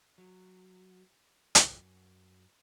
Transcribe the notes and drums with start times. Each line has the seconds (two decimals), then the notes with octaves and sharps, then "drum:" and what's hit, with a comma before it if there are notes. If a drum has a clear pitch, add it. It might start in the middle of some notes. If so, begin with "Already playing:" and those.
0.18 F#3
1.55 F#2, drum: hi-hat